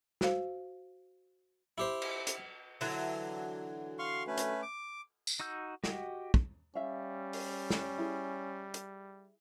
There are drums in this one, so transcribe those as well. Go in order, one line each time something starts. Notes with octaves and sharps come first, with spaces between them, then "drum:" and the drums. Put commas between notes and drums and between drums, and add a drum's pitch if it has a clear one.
F#4 C5 F5, drum: snare
E4 G4 C5
drum: cymbal
drum: hi-hat
D3 E3 F#3, drum: open hi-hat
F5 C6 C#6
A3 C#4 B4
drum: hi-hat
D6
drum: tambourine
D#4 F#4 E6 G6
F#4 G4 D#5 F#5 G5, drum: snare
drum: kick
G3 C#4 E5 F5
drum: open hi-hat
drum: snare
E4 G#4
drum: hi-hat